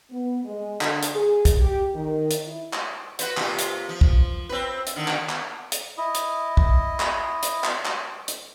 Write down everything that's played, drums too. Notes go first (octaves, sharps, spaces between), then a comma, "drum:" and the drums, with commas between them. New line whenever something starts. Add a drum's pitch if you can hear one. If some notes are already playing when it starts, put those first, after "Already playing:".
B3
G#3
D3, drum: clap
drum: hi-hat
G#4
drum: kick, hi-hat
G4
D#3
drum: hi-hat
E4
drum: clap
F#4 B4 C5, drum: hi-hat
C3 A#3 F4, drum: clap
drum: hi-hat
F3
drum: kick
C4 B4
drum: hi-hat
D3 D#3
drum: clap
drum: clap
drum: hi-hat
E4 D#5
drum: hi-hat
drum: kick
drum: clap
drum: hi-hat
drum: clap
drum: clap
drum: hi-hat